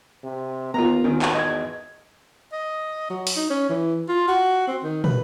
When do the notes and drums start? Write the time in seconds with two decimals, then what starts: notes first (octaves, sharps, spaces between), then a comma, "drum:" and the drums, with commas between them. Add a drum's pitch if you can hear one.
0.23 C3
0.74 D#2 B3 F4 A#4 A#5
1.04 G#1 D#2 D#3
1.22 drum: clap
1.35 E2 D#5 G#6
2.53 D#5
3.10 F#3
3.27 drum: open hi-hat
3.36 D#4
3.50 C#4
3.69 E3
4.09 F4
4.28 F#4
4.68 C4
4.83 D#3
5.04 B4, drum: tom